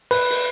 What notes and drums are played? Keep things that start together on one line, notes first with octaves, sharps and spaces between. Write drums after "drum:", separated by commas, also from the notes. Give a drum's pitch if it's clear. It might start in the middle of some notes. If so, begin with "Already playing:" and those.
B4, drum: open hi-hat
drum: open hi-hat